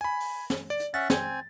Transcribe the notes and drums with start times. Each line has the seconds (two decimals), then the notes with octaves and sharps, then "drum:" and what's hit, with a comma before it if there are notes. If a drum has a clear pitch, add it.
0.01 G#5 B5
0.20 drum: open hi-hat
0.50 drum: snare
0.70 D5
0.80 drum: hi-hat
0.94 C#4 E5 F#5 A6
1.10 C4 G#5, drum: snare